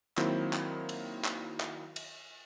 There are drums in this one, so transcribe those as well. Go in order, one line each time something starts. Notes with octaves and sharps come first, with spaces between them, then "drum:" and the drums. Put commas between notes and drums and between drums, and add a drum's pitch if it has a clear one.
D#3 F#3 A#3 C4 E4 C5, drum: clap
drum: clap
drum: cymbal
drum: clap
drum: clap
drum: cymbal